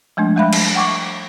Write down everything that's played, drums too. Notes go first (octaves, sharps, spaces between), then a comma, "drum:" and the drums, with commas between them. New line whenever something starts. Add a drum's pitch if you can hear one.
F3 G#3 A3 D4
G3 G#3 E5 F5 B5 F#6
drum: cymbal
F#5 G5 C#6 D6